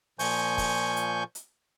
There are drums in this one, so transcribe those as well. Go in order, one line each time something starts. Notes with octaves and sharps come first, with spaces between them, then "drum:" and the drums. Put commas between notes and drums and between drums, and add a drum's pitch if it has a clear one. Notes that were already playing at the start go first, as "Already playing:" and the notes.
A#2 F3 G#5 C#6 G6, drum: open hi-hat
drum: kick, open hi-hat
drum: hi-hat
drum: hi-hat